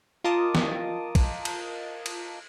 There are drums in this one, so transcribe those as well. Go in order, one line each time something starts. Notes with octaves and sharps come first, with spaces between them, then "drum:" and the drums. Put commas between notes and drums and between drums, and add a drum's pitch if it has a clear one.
F4 A#4 D#5 A5 D6 D#6
drum: snare
drum: kick, cymbal
drum: cymbal
drum: cymbal